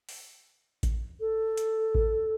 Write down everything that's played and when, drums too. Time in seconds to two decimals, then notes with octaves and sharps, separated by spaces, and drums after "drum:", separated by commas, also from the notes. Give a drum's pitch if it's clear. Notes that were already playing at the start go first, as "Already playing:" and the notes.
0.09 drum: open hi-hat
0.83 drum: kick A1, hi-hat
1.20 A4
1.57 drum: hi-hat
1.95 drum: kick A1